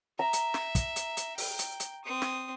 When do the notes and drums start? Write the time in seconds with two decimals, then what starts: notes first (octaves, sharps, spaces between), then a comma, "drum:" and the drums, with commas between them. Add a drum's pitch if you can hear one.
0.19 E5 A#5
0.33 drum: hi-hat
0.54 drum: snare
0.75 drum: kick, hi-hat
0.96 drum: hi-hat
1.17 drum: hi-hat
1.38 G5, drum: open hi-hat
1.59 drum: hi-hat
1.80 drum: hi-hat
2.05 C4 D#6
2.22 drum: snare